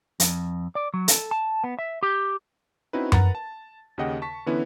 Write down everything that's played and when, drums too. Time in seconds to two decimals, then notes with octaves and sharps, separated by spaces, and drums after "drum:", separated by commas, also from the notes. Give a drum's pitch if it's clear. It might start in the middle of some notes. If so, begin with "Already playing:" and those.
0.20 F2, drum: hi-hat
0.75 D5
0.94 F#3
1.08 A4, drum: hi-hat
1.31 A5
1.64 B3
1.79 E5
2.03 G4
2.93 C4 C#4 D#4 E4 F#4 B4
3.12 A#4 B4 F#5 A#5 A6, drum: tom F#2
3.35 A5
3.98 D#2 C#3 G4 D#5 F#5 G5
4.22 A5 C#6 B6
4.46 D3 E3 B3 C#4 E4 B4